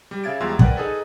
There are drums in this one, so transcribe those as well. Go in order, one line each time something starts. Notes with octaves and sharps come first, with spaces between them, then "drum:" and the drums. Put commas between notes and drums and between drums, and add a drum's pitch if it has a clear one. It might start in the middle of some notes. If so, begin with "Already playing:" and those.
G3
C#3 E5 F5 G#6 A6 D7
E2 G3 G#3 F4 C6 E6
A#4 B4 D5 F#5 G5, drum: kick
D#4 G#4 A4 B4